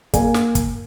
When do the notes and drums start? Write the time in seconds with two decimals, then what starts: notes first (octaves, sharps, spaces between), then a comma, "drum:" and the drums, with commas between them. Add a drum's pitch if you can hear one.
0.14 A#3 G#5, drum: kick, hi-hat
0.34 drum: snare
0.55 drum: kick, hi-hat